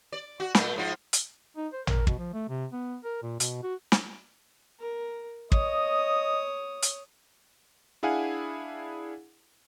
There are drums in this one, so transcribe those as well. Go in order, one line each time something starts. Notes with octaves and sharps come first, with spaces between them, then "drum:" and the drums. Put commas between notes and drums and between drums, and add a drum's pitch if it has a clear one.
D5
F#4
A#2 A3, drum: snare
G#2 F3 F4
drum: hi-hat
D#4
C5
A#4, drum: tom A1
B2, drum: kick
F3
A3
C3
B3
A#4
A#2
B2, drum: hi-hat
F#4
drum: snare
A#4
C#5 D#5 D#6, drum: kick
drum: hi-hat
D4 E4 G#4 F5 F#5 G#5